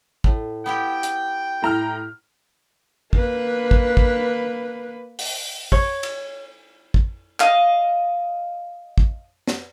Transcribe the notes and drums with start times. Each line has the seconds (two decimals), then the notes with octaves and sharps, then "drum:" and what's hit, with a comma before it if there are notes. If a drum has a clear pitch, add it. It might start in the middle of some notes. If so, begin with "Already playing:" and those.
0.24 A2, drum: kick
0.66 B3 E4 G4 G5
1.03 drum: hi-hat
1.62 A2 A#5 F6
3.13 A#3 B4, drum: kick
3.71 drum: kick
3.97 drum: kick
5.19 drum: open hi-hat
5.72 C#5, drum: kick
6.03 drum: cymbal
6.94 drum: kick
7.40 D#5 F5, drum: clap
8.98 drum: kick
9.47 drum: snare